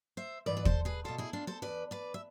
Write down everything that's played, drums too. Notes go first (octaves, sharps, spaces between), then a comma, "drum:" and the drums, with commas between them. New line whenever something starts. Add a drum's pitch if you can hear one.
C5 E5
G#2 E3 B4 D5
B4
A4 C5, drum: kick
G#4 B4
E2 B2 F4 A4
E4 G#4
D4 F4
A4 C5
E2 B2 B4 D5
B4 D5
E5